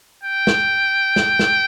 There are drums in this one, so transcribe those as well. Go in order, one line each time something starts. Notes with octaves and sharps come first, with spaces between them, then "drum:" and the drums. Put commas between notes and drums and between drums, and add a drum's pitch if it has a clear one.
G5
drum: snare
drum: snare
drum: snare